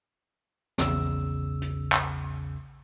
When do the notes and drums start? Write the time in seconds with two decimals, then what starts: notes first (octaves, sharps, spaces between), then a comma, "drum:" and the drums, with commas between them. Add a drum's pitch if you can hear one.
0.78 A#1 E2 C#3 E6, drum: snare
1.62 drum: hi-hat
1.92 drum: clap